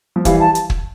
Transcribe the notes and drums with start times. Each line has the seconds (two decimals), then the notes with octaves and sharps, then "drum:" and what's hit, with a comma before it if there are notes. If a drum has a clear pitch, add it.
0.16 F3
0.25 E3 G3 F5, drum: kick, hi-hat
0.40 A5
0.55 drum: hi-hat
0.70 drum: kick